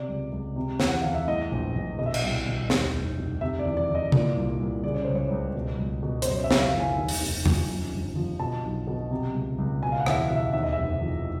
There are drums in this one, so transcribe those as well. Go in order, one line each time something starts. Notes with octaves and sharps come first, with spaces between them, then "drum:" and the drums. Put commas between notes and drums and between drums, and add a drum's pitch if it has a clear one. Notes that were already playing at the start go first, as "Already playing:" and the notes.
Already playing: C3 D5
C#2
C#2
C3
E2, drum: snare
F#5
E2 F5
E5
A2 D#5
A#1
A#1
B2 D#5
E5
D#5, drum: cymbal
C2
B2
D#2, drum: snare
F1
F1
C3 E5
D5
E2
D5
E2
D#5
A#2 D5, drum: tom C3
C2
C2
C#3 D5
C#5
C#2 C5
C#5
C#2
B2
C#2
B2
C5, drum: hi-hat
F#2 C#5
E5
F#1, drum: snare
F5
F3
G#5
D#2
drum: open hi-hat
F1
F3, drum: tom E2
F#2
G1
F3
B2 A5
B1
B2
C3
C#2
C#2
B2 G#5
F5
F#5
E2 E5, drum: rim click
F5
B2
E5
D#2 E5
D#5
E5
F1
F3